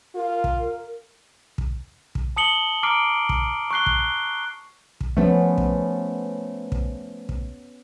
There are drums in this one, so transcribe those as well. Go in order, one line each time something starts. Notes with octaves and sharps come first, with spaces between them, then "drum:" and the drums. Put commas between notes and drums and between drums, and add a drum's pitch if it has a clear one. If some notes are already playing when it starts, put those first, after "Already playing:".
F4 A#4
drum: kick
drum: kick
drum: kick
A5 D#6 C#7 F#7 G7
A#5 D6 F6 C7 D7
drum: kick
C#6 D6 F#6 C7 G7
drum: kick
drum: kick
F3 A3 B3 C#4
drum: kick
drum: kick
drum: kick